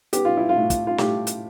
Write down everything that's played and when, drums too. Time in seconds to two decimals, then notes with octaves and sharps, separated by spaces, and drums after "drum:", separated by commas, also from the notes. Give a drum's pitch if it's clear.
0.13 B3 G4, drum: hi-hat
0.25 F4
0.37 E4
0.49 F4
0.56 A2
0.70 drum: kick, hi-hat
0.87 F4
0.98 A2 G4, drum: snare
1.27 drum: hi-hat